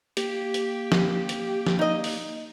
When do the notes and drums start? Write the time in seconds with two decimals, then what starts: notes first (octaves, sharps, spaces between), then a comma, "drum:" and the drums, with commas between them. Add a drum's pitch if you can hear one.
0.17 A#3 G4, drum: hi-hat
0.54 drum: hi-hat
0.92 drum: snare
1.29 drum: hi-hat
1.67 drum: snare
1.79 D#4 D#5
2.04 drum: open hi-hat